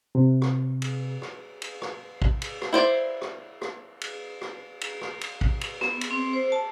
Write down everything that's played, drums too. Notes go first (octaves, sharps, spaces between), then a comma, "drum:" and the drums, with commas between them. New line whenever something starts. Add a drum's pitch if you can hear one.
C3
drum: rim click
drum: cymbal
drum: rim click
drum: cymbal
drum: rim click
drum: kick
drum: cymbal
drum: rim click
E4 C5 D5
drum: rim click
drum: rim click
drum: cymbal
drum: rim click
drum: cymbal
drum: rim click
drum: cymbal
drum: kick
drum: cymbal
B3, drum: rim click
drum: cymbal
C4
C5
A5